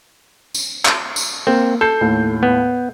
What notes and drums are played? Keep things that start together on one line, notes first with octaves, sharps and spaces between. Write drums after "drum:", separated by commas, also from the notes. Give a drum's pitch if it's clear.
drum: tambourine
drum: clap
drum: tambourine
A#3 C4
A4 G6 C7
D#2 A2
B3